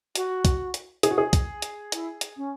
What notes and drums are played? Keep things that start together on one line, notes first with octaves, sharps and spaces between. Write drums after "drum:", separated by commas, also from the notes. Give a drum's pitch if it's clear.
F#4, drum: hi-hat
drum: kick, hi-hat
drum: hi-hat
G#4, drum: hi-hat
F#4
G#4
drum: kick, hi-hat
drum: hi-hat
E4, drum: hi-hat
drum: hi-hat
C#4